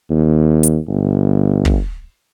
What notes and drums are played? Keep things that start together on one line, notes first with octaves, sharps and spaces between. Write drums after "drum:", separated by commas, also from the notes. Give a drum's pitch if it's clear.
D#2
drum: hi-hat
G1
drum: kick